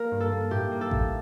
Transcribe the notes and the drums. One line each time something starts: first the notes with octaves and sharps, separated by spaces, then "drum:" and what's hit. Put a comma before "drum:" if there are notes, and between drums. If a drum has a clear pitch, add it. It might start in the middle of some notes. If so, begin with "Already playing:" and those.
Already playing: A#3 A#4
G2
A4
A#3
A2 G4
A#3
A4
A2, drum: kick A1